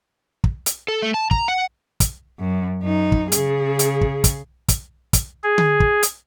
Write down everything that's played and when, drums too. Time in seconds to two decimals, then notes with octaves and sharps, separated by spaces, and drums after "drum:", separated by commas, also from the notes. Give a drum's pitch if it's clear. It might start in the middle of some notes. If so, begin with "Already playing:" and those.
0.44 drum: kick
0.66 drum: hi-hat
0.88 A4
1.02 A3
1.14 A5
1.31 A#5, drum: kick
1.48 F#5
2.00 drum: kick, hi-hat
2.40 F#2
2.83 F#2 D#4
3.12 drum: kick
3.32 C#3 G#4, drum: hi-hat
3.79 drum: hi-hat
4.01 drum: kick
4.24 drum: kick, hi-hat
4.68 drum: kick, hi-hat
5.13 drum: kick, hi-hat
5.44 G#4
5.58 drum: tom D3
5.80 drum: kick
6.03 drum: hi-hat